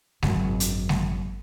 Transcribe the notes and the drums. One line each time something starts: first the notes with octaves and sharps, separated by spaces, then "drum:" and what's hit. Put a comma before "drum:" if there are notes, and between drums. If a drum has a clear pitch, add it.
G#1 F#2, drum: snare
drum: hi-hat
drum: snare